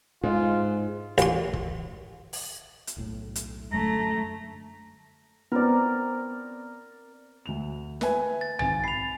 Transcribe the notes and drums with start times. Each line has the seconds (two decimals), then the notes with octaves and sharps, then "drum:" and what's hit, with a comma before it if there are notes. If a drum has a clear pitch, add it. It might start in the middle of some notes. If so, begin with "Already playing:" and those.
0.24 G#2 G#3 F4
1.18 A1 C6, drum: hi-hat
1.53 drum: kick
2.33 drum: open hi-hat
2.87 drum: hi-hat
2.97 E1 B1 A2
3.35 drum: hi-hat
3.72 F#2 D3 A3 A#5
5.52 B3 C4 A#4 D5
7.46 D2 F7
8.01 B4 E5 G#5, drum: snare
8.41 A6
8.59 G#1 G#5 A6, drum: tom B1
8.84 B5 C7 F7